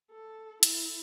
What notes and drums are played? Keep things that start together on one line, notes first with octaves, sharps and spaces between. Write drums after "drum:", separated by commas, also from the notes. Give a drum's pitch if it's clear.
A4
E4, drum: hi-hat